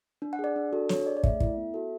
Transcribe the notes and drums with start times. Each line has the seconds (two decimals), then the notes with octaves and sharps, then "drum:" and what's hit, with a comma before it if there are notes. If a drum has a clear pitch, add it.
0.22 D4
0.33 F#5
0.39 G#4 D5
0.56 D4
0.73 F#4 A4
0.89 D4 C#5, drum: snare
1.06 G#4 D5
1.17 D5
1.24 A3 E5, drum: kick
1.40 E4 A4, drum: kick
1.57 B3
1.74 F#4 A4